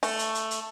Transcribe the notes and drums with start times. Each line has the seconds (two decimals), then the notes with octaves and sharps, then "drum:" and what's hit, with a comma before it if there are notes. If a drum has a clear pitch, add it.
0.03 A3, drum: open hi-hat
0.19 drum: hi-hat
0.35 drum: hi-hat
0.51 drum: hi-hat